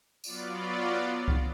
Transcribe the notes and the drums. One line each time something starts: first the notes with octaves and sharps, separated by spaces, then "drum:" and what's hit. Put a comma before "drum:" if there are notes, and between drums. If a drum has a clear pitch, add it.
F#3 B3 F4 D5, drum: tambourine
drum: kick C2